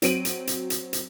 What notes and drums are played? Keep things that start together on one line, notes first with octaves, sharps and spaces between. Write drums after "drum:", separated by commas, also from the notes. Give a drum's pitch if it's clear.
F#3 C4 D7 D#7 F#7, drum: hi-hat
drum: hi-hat
drum: hi-hat
drum: hi-hat
drum: hi-hat